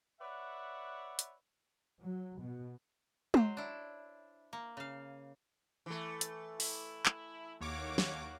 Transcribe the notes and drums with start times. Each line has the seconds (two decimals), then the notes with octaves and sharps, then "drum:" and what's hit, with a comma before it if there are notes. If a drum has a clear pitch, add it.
0.20 B4 C#5 D5 E5 F#5
1.19 drum: hi-hat
2.02 F#3
2.40 B2
3.34 F#3 C5, drum: tom G#3
3.57 D4 E4
4.53 A#3
4.77 C#3 F5
5.86 E3 A3
6.21 drum: hi-hat
6.60 E4, drum: open hi-hat
7.06 drum: clap
7.60 D#2 A#3 B3 F#4 C#5 D6
7.98 drum: snare